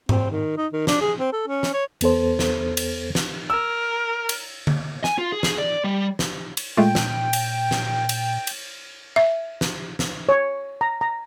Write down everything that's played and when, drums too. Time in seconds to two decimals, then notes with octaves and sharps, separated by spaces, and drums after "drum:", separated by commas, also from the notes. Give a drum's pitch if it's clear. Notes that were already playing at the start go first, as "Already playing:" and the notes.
0.09 C4, drum: tom G#2
0.30 D#3
0.57 D#4
0.73 D#3
0.87 D4, drum: snare
1.01 G#4
1.19 C4
1.32 A4
1.48 C#4
1.63 drum: snare
1.73 C#5
2.01 E2 B3 A4 C5, drum: cymbal
2.39 drum: snare
2.77 drum: cymbal
3.15 drum: snare
3.50 A#4 E6
4.29 drum: cymbal
4.67 drum: tom D3
5.04 G#5, drum: snare
5.19 F4
5.32 G#4
5.43 drum: snare
5.58 D5
5.84 G3
6.19 drum: snare
6.57 drum: cymbal
6.77 A#2 G#3 A3 F4 G5
6.95 drum: snare
7.33 drum: cymbal
7.71 drum: snare
8.09 drum: cymbal
8.47 drum: cymbal
9.16 E5
9.61 drum: snare
9.99 drum: snare
10.29 C#5
10.81 A#5
11.01 A#5